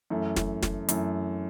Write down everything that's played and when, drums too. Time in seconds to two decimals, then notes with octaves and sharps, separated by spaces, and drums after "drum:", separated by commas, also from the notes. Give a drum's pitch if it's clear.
0.10 F#2 E3 A3
0.36 drum: snare
0.63 drum: snare
0.89 F#2 E3 A3, drum: hi-hat